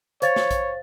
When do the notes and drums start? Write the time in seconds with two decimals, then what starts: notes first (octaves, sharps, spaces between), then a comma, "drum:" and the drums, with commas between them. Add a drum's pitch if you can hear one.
0.22 C5 C#5 F5 A6, drum: hi-hat
0.36 drum: snare
0.51 drum: kick A#1, hi-hat